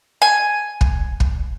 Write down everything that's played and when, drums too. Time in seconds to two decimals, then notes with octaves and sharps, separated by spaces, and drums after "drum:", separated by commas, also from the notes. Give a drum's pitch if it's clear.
0.22 G#5
0.81 drum: kick
1.20 drum: kick